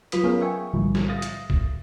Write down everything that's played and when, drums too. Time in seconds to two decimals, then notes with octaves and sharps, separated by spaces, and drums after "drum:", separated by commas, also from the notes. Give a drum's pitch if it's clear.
0.12 F#3 F4 B4 D#6 B6, drum: hi-hat
0.24 B3 C#4 G#4 A#4 C#5 F5
0.42 E5 G5 G#5 C#6
0.74 B1 A2 D3 E3 F3 G3
0.95 drum: snare
1.09 E5 F5 D#6 A6 A#6
1.22 drum: hi-hat
1.50 drum: kick